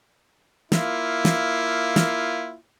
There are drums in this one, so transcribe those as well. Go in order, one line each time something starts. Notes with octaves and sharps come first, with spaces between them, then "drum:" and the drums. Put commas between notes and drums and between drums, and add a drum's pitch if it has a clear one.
A#3 E4 F4, drum: snare
drum: snare
drum: snare